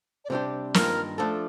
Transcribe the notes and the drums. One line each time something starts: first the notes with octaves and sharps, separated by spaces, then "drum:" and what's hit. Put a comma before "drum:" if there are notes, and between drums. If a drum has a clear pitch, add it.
D5
C3 G3 D4 G4 C5
G2 D#3 A#3 F4 A#4, drum: snare
F3 A3 D4 A4